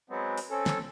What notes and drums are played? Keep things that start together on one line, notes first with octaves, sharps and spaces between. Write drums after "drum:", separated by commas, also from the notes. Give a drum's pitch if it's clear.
F#3 G#3 B3 C4
drum: open hi-hat
C4 C#4 A4
drum: snare